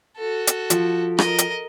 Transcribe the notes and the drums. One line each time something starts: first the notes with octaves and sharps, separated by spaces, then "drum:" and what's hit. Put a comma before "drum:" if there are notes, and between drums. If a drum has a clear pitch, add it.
F#4 A4
drum: hi-hat
F3, drum: hi-hat
A#4 D#5, drum: rim click
drum: hi-hat